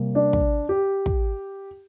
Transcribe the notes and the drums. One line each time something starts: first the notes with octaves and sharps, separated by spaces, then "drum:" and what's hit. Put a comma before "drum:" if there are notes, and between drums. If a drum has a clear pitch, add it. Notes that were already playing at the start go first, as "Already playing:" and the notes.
Already playing: C3 G3 A#3
D4 D5
drum: kick
G4
drum: kick